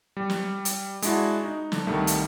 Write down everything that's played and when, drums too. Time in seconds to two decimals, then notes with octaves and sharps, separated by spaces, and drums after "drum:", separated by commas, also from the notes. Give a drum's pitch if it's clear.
0.17 G3
0.30 drum: snare
0.65 drum: hi-hat
1.02 G#3 D4 E4 F#4, drum: hi-hat
1.44 D#4
1.72 D3, drum: snare
1.87 C2 D#3 G3 A3
2.07 drum: hi-hat